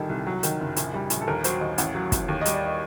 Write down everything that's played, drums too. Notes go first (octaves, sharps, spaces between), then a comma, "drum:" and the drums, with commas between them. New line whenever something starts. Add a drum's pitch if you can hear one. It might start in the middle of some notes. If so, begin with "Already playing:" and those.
Already playing: A#1 D#3 G3 A4
C2
F#3
D#3, drum: hi-hat
F#1
A#1, drum: hi-hat
G3
A#1, drum: hi-hat
A4
D#2 A#4
F#3 C5, drum: hi-hat
D#2 D#5
A1 F#5, drum: hi-hat
F#3
A1, drum: kick, hi-hat
D#2
D#5
G3, drum: hi-hat
D5
D#5